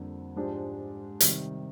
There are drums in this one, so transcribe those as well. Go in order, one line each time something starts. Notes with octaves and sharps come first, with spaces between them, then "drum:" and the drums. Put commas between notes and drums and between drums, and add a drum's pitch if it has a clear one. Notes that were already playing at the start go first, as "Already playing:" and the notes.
Already playing: F2 D3 G3 A#3
G#2 F3 G#3 D4 G4
C3 D#3 G3, drum: hi-hat